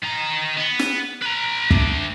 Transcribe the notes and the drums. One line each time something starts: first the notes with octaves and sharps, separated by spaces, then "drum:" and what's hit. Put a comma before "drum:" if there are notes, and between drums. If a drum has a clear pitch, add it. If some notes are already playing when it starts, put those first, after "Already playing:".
D#3 A#5
B3
drum: snare
B4 A#5
A3 D4, drum: kick